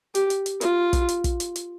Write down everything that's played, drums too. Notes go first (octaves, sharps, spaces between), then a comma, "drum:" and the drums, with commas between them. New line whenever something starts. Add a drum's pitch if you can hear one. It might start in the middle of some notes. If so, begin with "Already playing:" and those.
G4, drum: hi-hat
drum: hi-hat
drum: hi-hat
F4, drum: hi-hat
drum: kick, hi-hat
drum: hi-hat
drum: kick, hi-hat
drum: hi-hat
drum: hi-hat